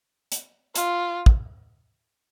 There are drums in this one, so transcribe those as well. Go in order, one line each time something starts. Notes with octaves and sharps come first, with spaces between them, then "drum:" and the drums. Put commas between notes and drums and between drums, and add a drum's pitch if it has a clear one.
drum: hi-hat
F4, drum: hi-hat
drum: kick